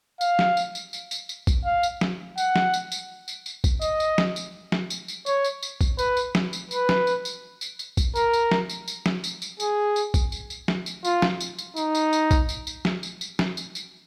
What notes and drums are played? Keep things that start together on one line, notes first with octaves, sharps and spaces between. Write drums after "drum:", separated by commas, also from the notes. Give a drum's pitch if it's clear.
F5, drum: tambourine
drum: snare
drum: tambourine
drum: tambourine
drum: tambourine
drum: tambourine
drum: tambourine
drum: kick A#1, tambourine
F5
drum: tambourine
drum: snare
F#5, drum: tambourine
drum: snare
drum: tambourine
drum: tambourine
drum: tambourine
drum: tambourine
drum: kick A#1, tambourine
D#5, drum: tambourine
drum: tambourine
drum: snare
drum: tambourine
drum: snare
drum: tambourine
drum: tambourine
C#5, drum: tambourine
drum: tambourine
drum: tambourine
drum: kick A#1, tambourine
B4, drum: tambourine
drum: tambourine
drum: snare
drum: tambourine
B4, drum: tambourine
drum: snare
drum: tambourine
drum: tambourine
drum: tambourine
drum: tambourine
drum: kick A#1, tambourine
A#4, drum: tambourine
drum: tambourine
drum: snare
drum: tambourine
drum: tambourine
drum: snare
drum: tambourine
drum: tambourine
G#4, drum: tambourine
drum: tambourine
drum: kick A#1, tambourine
drum: tambourine
drum: tambourine
drum: snare
drum: tambourine
F4, drum: tambourine
drum: snare
drum: tambourine
drum: tambourine
D#4, drum: tambourine
drum: tambourine
drum: tambourine
drum: kick A#1, tambourine
drum: tambourine
drum: tambourine
drum: snare
drum: tambourine
drum: tambourine
drum: snare
drum: tambourine
drum: tambourine